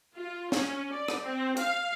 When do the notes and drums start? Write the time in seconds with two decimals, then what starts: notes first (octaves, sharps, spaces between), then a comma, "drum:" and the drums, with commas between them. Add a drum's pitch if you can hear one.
0.15 F4
0.52 C#4, drum: snare
0.91 D5
1.08 drum: rim click
1.24 C4
1.57 F5, drum: hi-hat